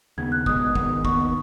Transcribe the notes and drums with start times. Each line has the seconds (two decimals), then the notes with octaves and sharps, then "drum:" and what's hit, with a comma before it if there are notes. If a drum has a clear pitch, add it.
0.18 D#2 C#3 B3 G#6
0.32 F#6
0.46 B1 B2 G#3 D#6, drum: kick
0.75 G#2 D#3 B3, drum: kick
1.05 D#2 D#3 G#3 B3 C#6, drum: kick